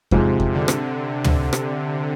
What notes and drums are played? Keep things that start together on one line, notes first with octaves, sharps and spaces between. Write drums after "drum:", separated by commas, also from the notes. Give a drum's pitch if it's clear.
G#2 C3 F3 G#3, drum: kick E2
drum: kick E2
D3
drum: rim click
drum: tom
drum: rim click